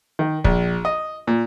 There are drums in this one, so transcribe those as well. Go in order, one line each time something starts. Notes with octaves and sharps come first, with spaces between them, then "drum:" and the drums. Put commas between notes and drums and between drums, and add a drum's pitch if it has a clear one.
D#3
A#1, drum: kick
D#5
A#2